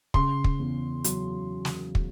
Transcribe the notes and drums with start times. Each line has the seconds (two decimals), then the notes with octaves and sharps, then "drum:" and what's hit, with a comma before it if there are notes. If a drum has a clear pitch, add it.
0.14 C#3 C6, drum: kick
0.44 drum: kick
0.59 E2
1.04 F#3, drum: hi-hat
1.65 drum: snare
1.95 drum: kick